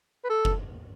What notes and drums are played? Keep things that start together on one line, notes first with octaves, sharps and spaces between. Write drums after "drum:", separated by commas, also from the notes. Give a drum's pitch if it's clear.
B4
A4
drum: kick F#1